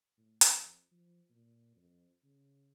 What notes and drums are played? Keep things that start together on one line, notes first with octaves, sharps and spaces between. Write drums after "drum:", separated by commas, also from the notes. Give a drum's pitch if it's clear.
A2
drum: hi-hat
F2
F3
A#2
F2
C#3